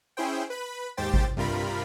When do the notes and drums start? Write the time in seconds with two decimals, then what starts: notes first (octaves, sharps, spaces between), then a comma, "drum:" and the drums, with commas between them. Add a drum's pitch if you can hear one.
0.17 C#4 E4 G#4 C5 G5
0.50 B4 B5
0.97 D#2 G#2 G4 C5 G5 A6
1.14 drum: kick G#1
1.37 G2 C3 G3 F4 A#4 B5